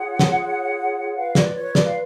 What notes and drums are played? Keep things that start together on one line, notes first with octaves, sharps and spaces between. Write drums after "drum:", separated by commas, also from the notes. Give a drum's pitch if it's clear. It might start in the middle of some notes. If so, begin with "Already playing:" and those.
Already playing: F4 G#4 C#5 F#5
drum: snare
F4 B4 F5
D5, drum: snare
C#5
D5, drum: snare
F5